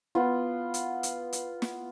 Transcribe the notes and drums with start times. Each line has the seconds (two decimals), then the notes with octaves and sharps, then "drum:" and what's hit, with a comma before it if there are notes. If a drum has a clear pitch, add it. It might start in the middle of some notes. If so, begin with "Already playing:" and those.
0.15 B3 F4
0.74 drum: hi-hat
1.03 drum: hi-hat
1.33 drum: hi-hat
1.62 drum: snare